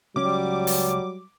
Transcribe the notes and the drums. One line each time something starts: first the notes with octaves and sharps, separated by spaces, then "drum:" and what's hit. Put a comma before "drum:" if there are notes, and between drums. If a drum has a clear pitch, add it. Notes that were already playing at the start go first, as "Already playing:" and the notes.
C#2 F#3 G3 C#4 D6
drum: open hi-hat